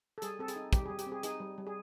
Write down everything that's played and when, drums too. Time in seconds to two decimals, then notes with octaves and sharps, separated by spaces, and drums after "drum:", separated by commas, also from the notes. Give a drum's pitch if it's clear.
0.18 A4
0.22 G3 G#4, drum: hi-hat
0.39 C4 A4
0.48 G#4, drum: hi-hat
0.56 D#4
0.73 G3 G4, drum: kick, hi-hat
0.86 G3 G#4
0.99 G4, drum: hi-hat
1.06 C4
1.12 G#4
1.23 D#4 G#4, drum: hi-hat
1.40 G3
1.58 G3
1.67 G#4